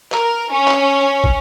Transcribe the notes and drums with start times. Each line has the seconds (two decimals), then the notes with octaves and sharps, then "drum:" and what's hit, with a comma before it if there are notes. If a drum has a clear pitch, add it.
0.12 A#4, drum: clap
0.51 C#4
0.68 drum: clap
1.24 drum: kick